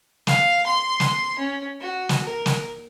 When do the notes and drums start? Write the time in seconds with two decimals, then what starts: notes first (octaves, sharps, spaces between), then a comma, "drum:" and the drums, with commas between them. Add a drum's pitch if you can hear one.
0.27 F5, drum: snare
0.66 C6
1.00 drum: snare
1.39 C#4
1.81 F#4
2.09 drum: snare
2.24 A#4
2.46 drum: snare